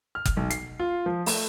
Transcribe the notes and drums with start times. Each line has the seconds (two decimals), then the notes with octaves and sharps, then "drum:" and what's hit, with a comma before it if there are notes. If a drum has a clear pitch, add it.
0.15 F6
0.25 drum: kick F#1, hi-hat
0.37 B1
0.50 C7, drum: hi-hat
0.80 F4
1.06 F3
1.26 A3, drum: open hi-hat